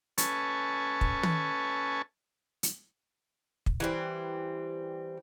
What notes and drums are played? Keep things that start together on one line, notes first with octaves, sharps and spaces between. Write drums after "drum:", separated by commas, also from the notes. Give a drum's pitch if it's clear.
C#4 A4 B4 G#5 A5 C#6, drum: hi-hat
drum: kick
drum: tom
drum: hi-hat
drum: kick
E3 G3 C4